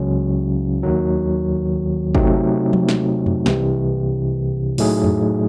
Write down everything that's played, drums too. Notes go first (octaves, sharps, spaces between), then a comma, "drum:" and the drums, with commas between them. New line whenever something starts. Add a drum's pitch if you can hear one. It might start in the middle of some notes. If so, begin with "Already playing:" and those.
Already playing: C#2 C#3 F#3 C#4
D#2 D#3 F#3
C3 F#3 A3 C4 D#4, drum: kick G#1
drum: tom F3
drum: snare
drum: tom F2
C2 C3 E3, drum: snare
A2 F#3 A3 D#4 G#4, drum: open hi-hat
drum: tom F2